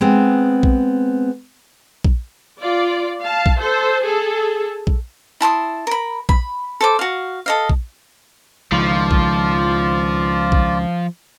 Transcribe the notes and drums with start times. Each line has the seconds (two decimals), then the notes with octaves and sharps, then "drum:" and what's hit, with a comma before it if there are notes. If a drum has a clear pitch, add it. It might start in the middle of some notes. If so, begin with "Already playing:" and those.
0.01 G#3 B3 C4
0.63 drum: kick A#1
2.04 drum: kick A#1
2.60 F4 D5
3.21 F5 A5
3.46 drum: kick A#1
3.58 A4 C5
4.02 G#4 A4
4.87 drum: kick A#1
5.41 E4 A5 C6 D#6
5.87 A#4 B5
6.29 B5, drum: kick A#1
6.81 A4 C5 D6
6.99 F#4 F5
7.46 A4 D#5 F5
7.69 drum: kick A#1
8.72 C#2 D#3 F3 F4 D5
9.11 drum: kick A#1
10.52 drum: kick A#1